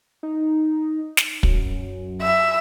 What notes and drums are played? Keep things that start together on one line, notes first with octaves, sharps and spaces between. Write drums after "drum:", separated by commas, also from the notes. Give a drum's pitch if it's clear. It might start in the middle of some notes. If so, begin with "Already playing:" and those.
D#4
drum: snare
F#2, drum: kick
E5